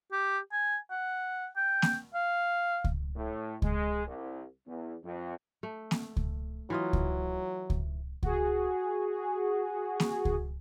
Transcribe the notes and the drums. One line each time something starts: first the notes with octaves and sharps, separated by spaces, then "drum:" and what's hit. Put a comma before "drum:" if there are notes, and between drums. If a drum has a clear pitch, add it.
G4
G#5
F#5
G5
drum: snare A#3
F5
drum: kick C#2
A2
G#3, drum: kick C#2
C2
E2
F2
A3
drum: snare A#3
drum: kick C#2
E3 F#3 F4 D#5
drum: kick C#2
drum: kick C#2
F#4 G#4, drum: kick C#2
drum: snare A#3
drum: kick C#2